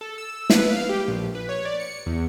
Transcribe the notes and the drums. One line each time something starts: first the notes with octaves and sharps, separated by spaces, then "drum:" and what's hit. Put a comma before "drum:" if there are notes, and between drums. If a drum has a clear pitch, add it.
A4
E6
B4, drum: snare
F5
G4
A#1
B4
C#5
D5
C#7
E2